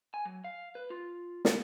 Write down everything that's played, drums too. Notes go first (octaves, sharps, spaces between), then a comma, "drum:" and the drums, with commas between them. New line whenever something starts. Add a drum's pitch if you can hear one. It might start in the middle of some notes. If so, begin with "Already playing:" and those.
G#5
F#3
F5
B4
F4
drum: snare